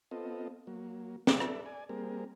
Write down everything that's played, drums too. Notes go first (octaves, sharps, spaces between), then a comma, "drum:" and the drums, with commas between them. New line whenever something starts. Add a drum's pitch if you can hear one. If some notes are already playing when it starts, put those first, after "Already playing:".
B3 C4 F4 A4 D#5
F#3 A#3
A4 B4 D5 E5, drum: snare
drum: rim click
D5 G#5
G3 A#3 C4 G#4 A#4